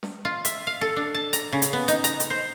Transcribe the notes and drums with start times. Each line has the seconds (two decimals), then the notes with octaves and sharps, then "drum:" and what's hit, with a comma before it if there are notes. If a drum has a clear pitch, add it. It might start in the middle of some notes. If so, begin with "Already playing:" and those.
0.03 drum: snare
0.25 F4
0.45 E5, drum: hi-hat
0.67 F5
0.81 A4
0.96 D4
1.14 A5
1.33 A#5, drum: hi-hat
1.53 C#3
1.62 drum: hi-hat
1.73 B3
1.88 D#4, drum: hi-hat
2.04 A#5, drum: hi-hat
2.20 drum: hi-hat
2.30 C5